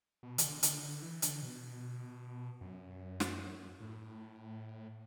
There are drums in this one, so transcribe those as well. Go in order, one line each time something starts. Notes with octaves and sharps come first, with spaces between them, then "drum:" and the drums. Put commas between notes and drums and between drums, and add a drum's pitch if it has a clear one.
B2
E3, drum: hi-hat
D3
D3, drum: hi-hat
D3
E3
D3, drum: hi-hat
B2
F#2
drum: snare
A2